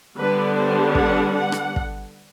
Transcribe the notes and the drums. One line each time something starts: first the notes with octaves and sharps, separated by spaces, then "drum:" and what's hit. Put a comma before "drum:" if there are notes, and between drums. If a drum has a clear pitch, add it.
D3 G3 B3 D4 B4
C5
F#5, drum: kick
F#5
drum: rim click
drum: kick